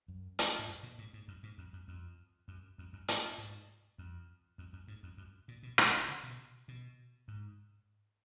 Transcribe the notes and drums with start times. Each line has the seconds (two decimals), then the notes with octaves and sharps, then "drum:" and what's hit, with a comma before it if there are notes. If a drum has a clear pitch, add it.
0.08 F#2
0.39 drum: hi-hat
0.59 G#2
0.68 F#2
0.83 A#2
0.98 G#2
1.13 G#2
1.28 F#2
1.43 G#2
1.58 F2
1.73 F#2
1.88 F2
2.48 F#2
2.78 F2
2.93 F#2
3.08 G#2, drum: hi-hat
3.38 G#2
3.98 F2
4.58 F2
4.73 F#2
4.88 G#2
5.03 F2
5.18 F#2
5.48 A#2
5.63 B2
5.78 B2, drum: rim click
6.08 C#3
6.24 B2
6.68 B2
7.28 G#2